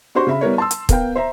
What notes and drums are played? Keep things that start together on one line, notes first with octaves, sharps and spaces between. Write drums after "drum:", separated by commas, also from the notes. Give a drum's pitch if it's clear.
D4 F#4 G4 C5 C6 C#6
C#3 E5 B5
G3 B3 E4 A#4 B4 C#5
A5 C6 E6
drum: hi-hat
B3 A#4 F5 G5, drum: kick, hi-hat
C5 E5 A#5